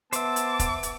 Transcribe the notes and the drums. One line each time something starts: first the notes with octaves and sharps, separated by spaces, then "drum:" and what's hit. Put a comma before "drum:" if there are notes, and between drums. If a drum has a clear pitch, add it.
B3 C5 E5 A5 D6, drum: hi-hat
drum: hi-hat
drum: kick E1, hi-hat
drum: hi-hat